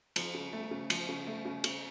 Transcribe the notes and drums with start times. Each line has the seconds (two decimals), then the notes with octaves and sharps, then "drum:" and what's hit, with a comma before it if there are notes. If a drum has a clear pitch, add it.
0.16 F3, drum: cymbal
0.35 C#3
0.53 A3
0.71 C#3
0.90 F3, drum: cymbal
1.09 C#3
1.27 A3
1.45 C#3
1.64 C#3, drum: cymbal